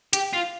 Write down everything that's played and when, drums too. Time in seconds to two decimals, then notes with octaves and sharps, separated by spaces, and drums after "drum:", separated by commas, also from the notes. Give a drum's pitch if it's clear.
0.13 G4, drum: hi-hat
0.33 F4